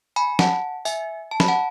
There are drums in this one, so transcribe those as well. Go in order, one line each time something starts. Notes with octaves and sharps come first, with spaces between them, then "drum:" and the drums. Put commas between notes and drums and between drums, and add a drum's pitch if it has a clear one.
G#5 B5
F#5 A5, drum: snare
E5 G#5, drum: tambourine
A5
B5, drum: snare
F#5 A5